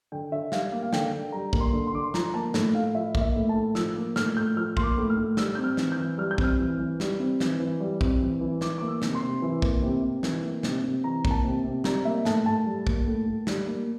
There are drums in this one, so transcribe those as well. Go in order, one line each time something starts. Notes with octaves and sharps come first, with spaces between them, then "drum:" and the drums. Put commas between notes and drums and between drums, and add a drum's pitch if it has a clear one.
D3 G5
D3 E5
G3 F5, drum: snare
A#3
F5
D3 G5, drum: snare
D3
G3 A#5
A#3, drum: kick A#1
C6
D3
C6
D3 D6
C6
F3 A#5, drum: snare
A#3 A5
A2, drum: snare
A2 F5
F3 E5
A#3, drum: kick A#1
E5
A2
A5
A2
F3 E6, drum: snare
A#3
A2 F6, drum: snare
A2 G6
F3 F6
A#3 C6, drum: kick A#1
D6
A2
F6
A2
G3 E6, drum: snare
C4 G6
F6
E3, drum: snare
G6
E3
G3 F6
G6
C4, drum: kick A#1
F6
E3
E3
G3, drum: snare
C4
E3, drum: snare
E3
G3
C4, drum: kick A#1
E3
E3
E3 D6, drum: snare
A#3 D6
E6
C3, drum: snare
C6
C3
E3
A#3, drum: kick A#1
C3
C3
E3, drum: snare
A#3
C3, drum: snare
C3
E3 A#5
A#3, drum: kick A#1
A5
C3
C3
G3 A#5, drum: snare
A#3 E5
A2 A5, drum: snare
A2 A5
G3
A#3, drum: kick A#1
A2
A2
G3, drum: snare
A#3